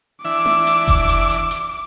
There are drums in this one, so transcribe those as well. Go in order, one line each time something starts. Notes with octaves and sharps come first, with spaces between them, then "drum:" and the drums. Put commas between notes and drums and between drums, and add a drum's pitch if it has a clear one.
E3 D4 E5 D6
drum: snare
drum: hi-hat
drum: kick F1, hi-hat
drum: hi-hat
drum: hi-hat
drum: hi-hat